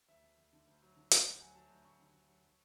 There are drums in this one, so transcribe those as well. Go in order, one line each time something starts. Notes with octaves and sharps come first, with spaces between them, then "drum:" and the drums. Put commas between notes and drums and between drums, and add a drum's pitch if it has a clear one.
D2 E5
D2
D2
D3
D2
F#3
D3
D2, drum: hi-hat
D2 F#5
F#3 G#5
F#3 A5
D2
D2 C#6
D3
D2
F#3
F#3